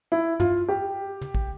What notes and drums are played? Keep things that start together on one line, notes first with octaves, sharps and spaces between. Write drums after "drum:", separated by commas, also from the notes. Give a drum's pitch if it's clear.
E4
F4, drum: tom
G4
drum: tom
drum: kick